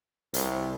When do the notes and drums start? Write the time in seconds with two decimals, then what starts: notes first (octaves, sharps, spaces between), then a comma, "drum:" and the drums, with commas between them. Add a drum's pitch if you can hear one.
0.34 C2, drum: hi-hat